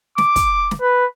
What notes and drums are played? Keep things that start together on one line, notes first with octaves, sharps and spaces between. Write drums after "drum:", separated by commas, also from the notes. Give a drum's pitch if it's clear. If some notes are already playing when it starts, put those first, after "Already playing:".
D6, drum: snare
drum: kick, hi-hat
drum: snare
B4